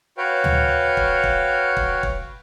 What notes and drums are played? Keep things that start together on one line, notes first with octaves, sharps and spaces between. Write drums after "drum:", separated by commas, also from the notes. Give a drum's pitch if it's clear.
F#4 B4 C#5 F5 G5
drum: tom D2
drum: kick
drum: kick
drum: kick
drum: kick